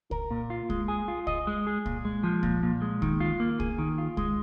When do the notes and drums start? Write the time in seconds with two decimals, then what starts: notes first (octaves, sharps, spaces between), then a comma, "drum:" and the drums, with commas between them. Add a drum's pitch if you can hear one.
0.11 A#4, drum: kick C2
0.31 A#2
0.50 F4
0.70 G#3, drum: kick C2
0.88 G#4
1.08 F4
1.27 D#5, drum: kick C2
1.47 G#3
1.67 G#4
1.86 A#2, drum: kick C2
2.05 G#3
2.23 F3
2.43 A#2, drum: kick C2
2.63 A#2
2.82 G#3
3.02 D#3, drum: kick C2
3.20 F4
3.40 A#3
3.60 G#4, drum: kick C2
3.78 D#3
3.98 F4
4.17 G#3, drum: kick C2